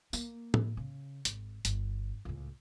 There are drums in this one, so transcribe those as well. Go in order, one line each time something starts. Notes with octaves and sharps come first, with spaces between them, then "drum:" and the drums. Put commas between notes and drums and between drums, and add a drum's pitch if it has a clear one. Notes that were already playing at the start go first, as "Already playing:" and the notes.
A#3, drum: tambourine
drum: tom
C#3
G#1, drum: hi-hat
G1, drum: hi-hat
C#2 A2